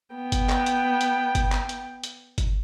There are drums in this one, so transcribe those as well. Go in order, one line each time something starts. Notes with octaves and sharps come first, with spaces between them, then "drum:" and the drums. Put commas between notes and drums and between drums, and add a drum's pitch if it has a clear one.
B3 G5
drum: kick G1, hi-hat
drum: clap
drum: hi-hat
drum: hi-hat
drum: kick G1, hi-hat
drum: clap
drum: hi-hat
drum: hi-hat
drum: kick G1, hi-hat